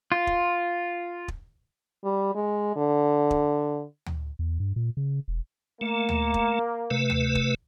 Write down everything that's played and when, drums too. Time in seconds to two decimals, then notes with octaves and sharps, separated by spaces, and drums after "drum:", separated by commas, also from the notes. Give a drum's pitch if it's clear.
0.12 F4
0.27 drum: kick
1.28 drum: kick
2.04 G3
2.35 G#3
2.76 D3
3.31 drum: kick
4.06 drum: tom D2
4.39 E2
4.60 G2
4.76 A#2
4.97 C#3
5.28 E1
5.81 A3 A#3
6.09 drum: tom D2
6.34 drum: kick
6.90 C3 A3 B4
7.10 drum: tom D2
7.35 drum: kick